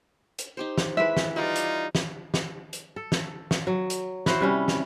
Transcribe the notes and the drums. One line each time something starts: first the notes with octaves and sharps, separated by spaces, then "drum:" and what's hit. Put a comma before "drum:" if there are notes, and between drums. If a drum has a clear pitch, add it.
drum: hi-hat
D#4 G4 C5
drum: snare
E3 G#3 B4 E5
drum: snare
G3 D#4 F4 D5
drum: hi-hat
drum: snare
drum: snare
drum: hi-hat
A4
drum: snare
drum: snare
F#3
drum: hi-hat
E4 F#4 C5, drum: snare
C3 G3 C#4
drum: snare